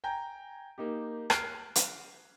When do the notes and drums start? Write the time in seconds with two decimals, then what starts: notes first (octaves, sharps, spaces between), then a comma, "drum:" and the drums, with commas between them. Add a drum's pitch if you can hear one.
0.04 G5 G#5 A#5 G6
0.78 A#3 D#4 G4
1.30 F6 F#6 G#6 C7 D7, drum: rim click
1.75 drum: hi-hat